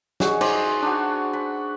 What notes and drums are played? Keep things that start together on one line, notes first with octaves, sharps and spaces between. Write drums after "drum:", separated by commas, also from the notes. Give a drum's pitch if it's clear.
F#4 G#4 C#5 D#5, drum: snare
D#4 C5 D5 D#5, drum: cymbal
D4 F#4
B5